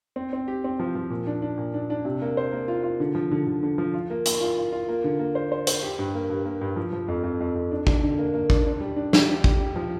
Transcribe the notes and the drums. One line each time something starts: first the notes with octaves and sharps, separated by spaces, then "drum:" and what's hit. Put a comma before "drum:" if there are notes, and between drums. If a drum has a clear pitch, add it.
C4
C4
G4
C4
F3
F3
A#2
D4
D4
A#2
D4
D4
C3
A#3
C5
A#3
F4
F4
D3
F3
D3
D3
D3
F3
F4
A#3
A#3, drum: hi-hat
F4
F4
F4
A#3
D3
A#3
C5
C5
C5, drum: hi-hat
G4
G2
A#3
G2
A#3
G2
F3
F3
F2
F2
F2
F2
D4
D4, drum: kick
D3
A#3
A#3
D4, drum: kick
D4
G3
D4
G3, drum: snare
G4
G3, drum: kick
G4
F3